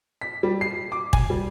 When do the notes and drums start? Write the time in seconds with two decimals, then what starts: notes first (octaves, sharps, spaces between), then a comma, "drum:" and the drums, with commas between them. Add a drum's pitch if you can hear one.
0.21 B6
0.43 G3
0.61 C7
0.92 D6
1.13 G#5, drum: kick
1.30 G3